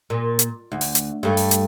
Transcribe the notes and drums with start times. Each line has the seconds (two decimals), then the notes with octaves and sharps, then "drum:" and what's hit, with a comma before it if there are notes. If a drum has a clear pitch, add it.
0.10 A#2
0.39 drum: hi-hat
0.72 D2
0.81 drum: open hi-hat
0.95 drum: hi-hat
1.23 G2 A3
1.37 drum: open hi-hat
1.51 drum: hi-hat